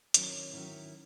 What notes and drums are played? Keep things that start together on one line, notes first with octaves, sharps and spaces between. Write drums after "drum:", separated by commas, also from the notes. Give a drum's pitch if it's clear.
D#3 F#3 C#4 E4, drum: hi-hat
D#3 F#3 C#4 E4